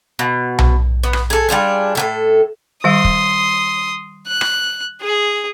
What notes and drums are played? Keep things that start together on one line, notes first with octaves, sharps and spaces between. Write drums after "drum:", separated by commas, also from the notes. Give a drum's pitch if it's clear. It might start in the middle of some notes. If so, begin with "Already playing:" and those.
B2
drum: tom B1
B3
drum: rim click
G#4 A4
G3 D4 F4 G#4
A2 C3 A4
D#3 G3 F5 C6 D#6
drum: kick
F#6
drum: rim click
G#4